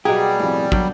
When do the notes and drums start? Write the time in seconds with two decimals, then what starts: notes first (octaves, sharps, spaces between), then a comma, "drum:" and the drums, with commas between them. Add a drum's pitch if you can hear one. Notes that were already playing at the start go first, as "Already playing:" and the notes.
0.05 B2 F#3 G3 A#3 G4 G#4
0.40 F2 A2
0.72 D3 F#3 D5 G5, drum: kick